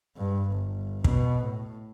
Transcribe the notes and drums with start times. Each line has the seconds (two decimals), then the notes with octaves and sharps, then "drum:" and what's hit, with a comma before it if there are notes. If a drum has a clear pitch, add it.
0.17 G2
0.51 G1
1.04 B2, drum: kick
1.43 A2